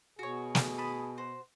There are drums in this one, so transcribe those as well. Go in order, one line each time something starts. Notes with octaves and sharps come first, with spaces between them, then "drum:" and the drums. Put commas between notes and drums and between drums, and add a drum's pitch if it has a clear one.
B2 F#4 G#4 C#5
drum: snare
A5 B5 D#6
F#4 C5